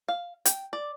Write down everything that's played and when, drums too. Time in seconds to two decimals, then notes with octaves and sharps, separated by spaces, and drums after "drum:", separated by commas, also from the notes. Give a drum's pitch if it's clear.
0.08 F5
0.46 G5, drum: hi-hat
0.73 D5